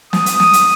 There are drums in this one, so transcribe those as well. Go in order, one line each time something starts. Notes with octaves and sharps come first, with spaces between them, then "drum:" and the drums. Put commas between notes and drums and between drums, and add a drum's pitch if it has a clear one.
D#6, drum: snare
drum: hi-hat
drum: snare
drum: hi-hat